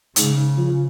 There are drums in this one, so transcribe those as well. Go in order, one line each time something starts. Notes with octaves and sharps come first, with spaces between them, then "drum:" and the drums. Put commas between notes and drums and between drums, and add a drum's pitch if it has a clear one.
G#2 C#3, drum: hi-hat
F3